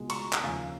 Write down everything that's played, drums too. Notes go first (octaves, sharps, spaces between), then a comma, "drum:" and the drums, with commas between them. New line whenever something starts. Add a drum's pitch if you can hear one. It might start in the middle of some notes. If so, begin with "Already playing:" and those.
Already playing: C#2 B2 G#3
A#5 C#6, drum: cymbal
A#5, drum: clap
D#2 C#3 F3 F5 G#5